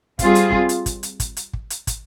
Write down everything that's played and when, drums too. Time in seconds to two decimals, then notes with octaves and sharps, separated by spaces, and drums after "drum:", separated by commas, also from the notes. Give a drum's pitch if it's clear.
0.19 G3 C4 F4 G#4, drum: kick, hi-hat
0.35 drum: hi-hat
0.52 drum: kick
0.69 drum: hi-hat
0.86 drum: kick, hi-hat
1.03 drum: hi-hat
1.20 drum: kick, hi-hat
1.37 drum: hi-hat
1.53 drum: kick
1.70 drum: hi-hat
1.87 drum: kick, hi-hat